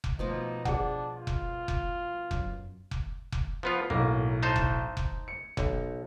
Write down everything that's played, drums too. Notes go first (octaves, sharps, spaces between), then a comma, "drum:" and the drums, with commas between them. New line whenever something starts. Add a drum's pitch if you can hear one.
drum: kick F1
B2 F3 A3 D#4 D6
G3 D4 G#4 F#5, drum: kick F1
F4
drum: kick F1
drum: kick F1
F#2, drum: kick F1
drum: kick F1
drum: kick F1
F3 B3 F4
B1 A2 A#3
D#4 C5 A5
drum: kick F1
drum: kick F1
C#7
B1, drum: kick F1